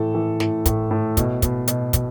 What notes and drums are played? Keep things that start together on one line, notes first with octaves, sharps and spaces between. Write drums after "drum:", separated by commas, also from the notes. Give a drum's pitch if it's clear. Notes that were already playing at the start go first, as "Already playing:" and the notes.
Already playing: A2 E3 A4
E3
A2, drum: snare
A2, drum: kick, hi-hat
A2
B2, drum: kick, hi-hat
B2, drum: kick, hi-hat
B2, drum: hi-hat
B2, drum: kick, hi-hat